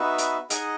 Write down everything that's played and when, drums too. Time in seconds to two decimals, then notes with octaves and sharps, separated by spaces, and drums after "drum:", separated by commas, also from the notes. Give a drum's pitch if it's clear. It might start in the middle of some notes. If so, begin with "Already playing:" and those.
Already playing: B3 D#4 F#4 B4 E5
0.18 drum: hi-hat
0.50 D#4 G#4 D#5 F#5, drum: hi-hat